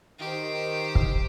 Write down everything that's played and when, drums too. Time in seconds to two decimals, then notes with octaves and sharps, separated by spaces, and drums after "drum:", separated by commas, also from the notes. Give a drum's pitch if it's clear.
0.19 D#3 G4 C5
0.95 drum: kick